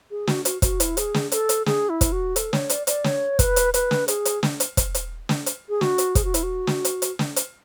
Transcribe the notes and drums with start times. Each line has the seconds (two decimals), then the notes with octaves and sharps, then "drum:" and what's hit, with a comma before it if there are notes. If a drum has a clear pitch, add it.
0.11 G#4
0.27 F#4, drum: snare
0.45 F#4, drum: hi-hat
0.62 F#4, drum: kick, hi-hat
0.80 E4, drum: hi-hat
0.97 G#4, drum: hi-hat
1.14 drum: snare
1.32 A4, drum: hi-hat
1.49 drum: hi-hat
1.66 G#4, drum: snare
1.89 E4
2.01 drum: kick, hi-hat
2.12 F#4
2.36 A4, drum: hi-hat
2.53 C#5, drum: snare
2.69 D5, drum: hi-hat
2.87 D5, drum: hi-hat
3.04 C#5, drum: snare
3.39 B4, drum: kick, hi-hat
3.56 drum: hi-hat
3.74 B4, drum: hi-hat
3.91 drum: snare
4.08 G#4, drum: hi-hat
4.25 drum: hi-hat
4.43 drum: snare
4.60 drum: hi-hat
4.77 drum: kick, hi-hat
4.95 drum: hi-hat
5.29 drum: snare
5.46 drum: hi-hat
5.69 G#4
5.81 F#4, drum: snare
5.98 drum: hi-hat
6.15 G#4, drum: kick, hi-hat
6.24 F#4
6.34 E4, drum: hi-hat
6.43 F#4
6.67 drum: snare
6.85 drum: hi-hat
7.02 drum: hi-hat
7.19 drum: snare
7.36 drum: hi-hat